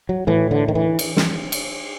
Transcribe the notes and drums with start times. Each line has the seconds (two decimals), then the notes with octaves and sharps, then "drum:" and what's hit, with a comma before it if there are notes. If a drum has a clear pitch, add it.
0.09 F#3
0.27 A2 E3
0.51 D3
0.68 D#3
0.75 E3
0.99 drum: cymbal
1.17 drum: snare
1.52 drum: cymbal